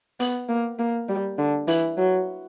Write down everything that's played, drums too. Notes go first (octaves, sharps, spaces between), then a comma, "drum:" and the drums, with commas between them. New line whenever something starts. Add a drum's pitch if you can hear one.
B3, drum: open hi-hat
A#3
A#3
G3
D3
E3, drum: open hi-hat
F#3